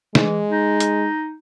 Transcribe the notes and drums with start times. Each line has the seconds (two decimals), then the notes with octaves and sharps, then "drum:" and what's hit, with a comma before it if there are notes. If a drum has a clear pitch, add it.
0.15 E3 G#3, drum: snare
0.50 D#4
0.80 drum: hi-hat